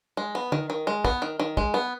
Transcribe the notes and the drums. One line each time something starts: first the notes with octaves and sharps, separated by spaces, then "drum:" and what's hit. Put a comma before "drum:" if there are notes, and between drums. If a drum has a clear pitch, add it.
G#3
B3
D#3, drum: tom
D#3
G#3
B3, drum: kick
D#3
D#3
G#3, drum: kick
B3